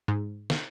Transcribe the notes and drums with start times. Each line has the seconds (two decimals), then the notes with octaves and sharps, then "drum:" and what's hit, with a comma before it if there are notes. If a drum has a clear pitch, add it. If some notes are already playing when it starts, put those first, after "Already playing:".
0.08 G#2
0.50 drum: snare